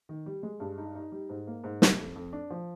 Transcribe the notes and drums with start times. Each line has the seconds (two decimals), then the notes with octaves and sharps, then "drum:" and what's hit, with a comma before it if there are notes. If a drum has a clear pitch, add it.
0.09 D#3
0.26 G3
0.43 G#3
0.60 G2
0.78 D#4
0.95 D#4
1.12 G3
1.29 G#2
1.47 A#3
1.64 G#2
1.82 C3, drum: snare
1.99 F2
2.16 F2
2.33 D4
2.50 F3